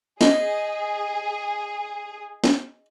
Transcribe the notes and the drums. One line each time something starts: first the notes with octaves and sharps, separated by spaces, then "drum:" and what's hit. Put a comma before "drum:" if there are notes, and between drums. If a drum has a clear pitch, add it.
D#4 G#4, drum: snare
drum: snare